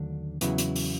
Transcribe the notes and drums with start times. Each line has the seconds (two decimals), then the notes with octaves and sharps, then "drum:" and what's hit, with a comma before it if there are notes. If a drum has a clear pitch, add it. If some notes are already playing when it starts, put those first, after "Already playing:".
Already playing: D#2 D3 F#3 A3 D4
0.41 E2 C#3 F#3 B3 E4, drum: hi-hat
0.58 drum: hi-hat
0.76 drum: open hi-hat